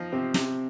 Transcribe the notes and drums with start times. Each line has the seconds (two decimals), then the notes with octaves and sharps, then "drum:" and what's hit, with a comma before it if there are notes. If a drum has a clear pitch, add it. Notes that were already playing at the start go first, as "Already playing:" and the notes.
Already playing: F3 D#4
0.12 C3 C4
0.34 C3, drum: snare